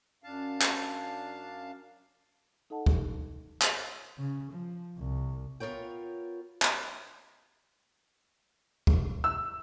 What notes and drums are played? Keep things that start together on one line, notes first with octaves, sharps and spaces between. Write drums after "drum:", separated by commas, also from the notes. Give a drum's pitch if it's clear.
F#2 D4 F5 A5
drum: clap
D#4 A4 D#5 F#5 A5
drum: kick
drum: clap
C#3
F3
C2
B3 F4 A#4 C#5 G5
drum: clap
drum: kick
E6